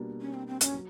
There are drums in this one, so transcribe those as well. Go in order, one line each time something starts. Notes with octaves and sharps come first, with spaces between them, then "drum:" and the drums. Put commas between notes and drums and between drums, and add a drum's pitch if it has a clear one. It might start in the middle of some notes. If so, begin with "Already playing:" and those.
Already playing: B2 G3 A#3 D4
C#4
C4
C4
C#4, drum: hi-hat
F#3